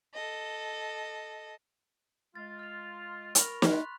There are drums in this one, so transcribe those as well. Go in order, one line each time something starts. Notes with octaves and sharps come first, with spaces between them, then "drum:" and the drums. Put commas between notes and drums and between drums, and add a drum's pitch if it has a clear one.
A4 D#5
G#3 F4 A6
F6 F7
A#4 B5 C#6 F7, drum: hi-hat
drum: snare
C6 F#6 B6